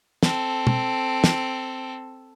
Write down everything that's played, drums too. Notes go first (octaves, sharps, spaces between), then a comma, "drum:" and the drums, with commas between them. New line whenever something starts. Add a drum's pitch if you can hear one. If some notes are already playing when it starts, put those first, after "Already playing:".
C4 A4, drum: snare
drum: tom
drum: snare